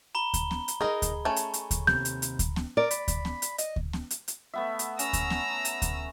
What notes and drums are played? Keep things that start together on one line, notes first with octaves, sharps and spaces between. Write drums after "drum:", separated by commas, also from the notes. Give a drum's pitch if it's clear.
A#5 B5 G7
drum: kick D2, hi-hat
drum: snare B3
drum: hi-hat
D#4 G#4 A#4 D#5
drum: kick D2, hi-hat
A3 C#4
drum: hi-hat
drum: hi-hat
drum: kick D2, hi-hat
D#2 C3 G6, drum: snare B3
drum: hi-hat
drum: hi-hat
drum: kick D2, hi-hat
drum: snare B3
A#4 D5
B5, drum: hi-hat
drum: kick D2, hi-hat
drum: snare B3
drum: hi-hat
D#5, drum: hi-hat
drum: kick D2
drum: snare B3
drum: hi-hat
drum: hi-hat
A3 B3 E5
drum: hi-hat
C#4 A#5 E6, drum: hi-hat
drum: kick D2, hi-hat
drum: snare B3
drum: hi-hat
drum: kick D2, hi-hat